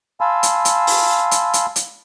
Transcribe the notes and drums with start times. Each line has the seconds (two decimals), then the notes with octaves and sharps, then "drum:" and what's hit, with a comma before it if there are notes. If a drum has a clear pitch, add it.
0.21 F5 G#5 A5 B5 C6 E6
0.43 drum: hi-hat
0.65 drum: hi-hat
0.87 drum: open hi-hat
1.31 drum: hi-hat
1.53 drum: hi-hat
1.76 drum: hi-hat